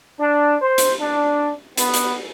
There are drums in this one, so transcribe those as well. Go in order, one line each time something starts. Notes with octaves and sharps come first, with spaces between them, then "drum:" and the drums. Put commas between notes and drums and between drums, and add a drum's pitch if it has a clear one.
D4
C5
drum: hi-hat
D4
B3, drum: hi-hat
drum: hi-hat